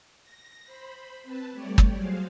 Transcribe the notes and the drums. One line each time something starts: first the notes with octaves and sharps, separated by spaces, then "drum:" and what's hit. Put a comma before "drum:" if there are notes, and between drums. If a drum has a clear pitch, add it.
A#6
C5 B5
C4 B4 A5
G3 A3 G4 C#5 D5
drum: kick
F#3 F#4 G#4 C5 F5